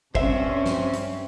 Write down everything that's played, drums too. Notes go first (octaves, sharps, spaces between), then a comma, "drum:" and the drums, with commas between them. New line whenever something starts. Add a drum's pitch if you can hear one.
G2 C4 C#4 C5 E5, drum: kick
drum: snare
drum: hi-hat